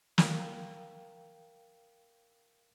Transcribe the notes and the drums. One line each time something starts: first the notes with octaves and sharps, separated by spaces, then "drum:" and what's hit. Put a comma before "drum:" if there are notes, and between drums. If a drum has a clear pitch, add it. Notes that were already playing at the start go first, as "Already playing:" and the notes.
A#4 F5 G5, drum: snare